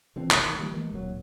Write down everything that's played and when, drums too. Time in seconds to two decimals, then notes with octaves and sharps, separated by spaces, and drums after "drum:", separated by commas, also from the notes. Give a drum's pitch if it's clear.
0.16 D3 E3 F3 C4
0.31 F1 C2 D#3, drum: clap
0.43 A1 A2 D#3
0.59 D#3 F3 G3 A#3
0.74 E3 G#3 A#3
0.92 D1 A#2 F#3